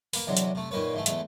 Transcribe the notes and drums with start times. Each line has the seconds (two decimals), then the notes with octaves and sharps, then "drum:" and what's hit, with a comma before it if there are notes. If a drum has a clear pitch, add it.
0.13 A#3 B4, drum: open hi-hat
0.27 E2 C3 F#3 G#3 D4
0.37 drum: hi-hat
0.55 C3 A3
0.71 A#2 D#3 A#3 B4 C#5
0.94 G#2 E3 A3
1.06 E2 E3 G#3 A3, drum: hi-hat